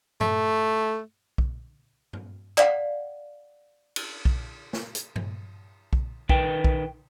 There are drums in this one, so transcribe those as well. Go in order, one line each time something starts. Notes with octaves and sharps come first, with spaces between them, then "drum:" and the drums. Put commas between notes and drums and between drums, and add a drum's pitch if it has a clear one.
A3, drum: tom G2
drum: kick B1
drum: tom G2
D5 F5 F#5, drum: clap
drum: cymbal
drum: kick B1
drum: snare
drum: hi-hat
drum: tom G2
drum: kick B1
D#3 B4 G5, drum: kick B1
drum: kick B1